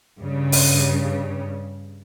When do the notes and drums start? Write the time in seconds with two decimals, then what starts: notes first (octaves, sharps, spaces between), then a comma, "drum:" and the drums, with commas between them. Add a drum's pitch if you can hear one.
0.19 G2 C#3
0.52 drum: open hi-hat